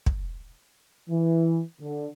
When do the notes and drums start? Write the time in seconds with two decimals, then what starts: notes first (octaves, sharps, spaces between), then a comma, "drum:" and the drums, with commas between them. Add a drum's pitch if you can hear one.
0.06 drum: kick
1.10 E3
1.81 D3